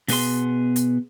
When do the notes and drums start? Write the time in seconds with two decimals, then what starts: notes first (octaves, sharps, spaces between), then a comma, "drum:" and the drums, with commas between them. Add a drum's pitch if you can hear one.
0.08 B2 B3 G#4 C6, drum: open hi-hat
0.76 drum: hi-hat